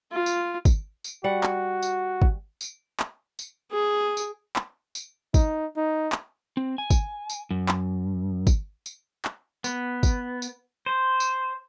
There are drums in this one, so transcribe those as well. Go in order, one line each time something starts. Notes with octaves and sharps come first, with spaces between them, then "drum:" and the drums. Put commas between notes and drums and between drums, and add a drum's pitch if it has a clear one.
F4
drum: tambourine
drum: kick, tambourine
drum: tambourine
G3 F#4 F#5
drum: clap
drum: tambourine
drum: kick
drum: tambourine
drum: clap
drum: tambourine
G#4
drum: tambourine
drum: clap
drum: tambourine
D#4, drum: kick, tambourine
D#4
drum: clap
C4
G#5
drum: kick, tambourine
drum: tambourine
F#2
drum: clap
drum: kick, tambourine
drum: tambourine
drum: clap
B3, drum: tambourine
drum: kick, tambourine
drum: tambourine
C5
drum: tambourine